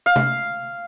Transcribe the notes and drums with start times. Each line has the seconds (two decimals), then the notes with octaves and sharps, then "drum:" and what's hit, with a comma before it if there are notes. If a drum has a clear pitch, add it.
0.06 F5
0.16 drum: tom C3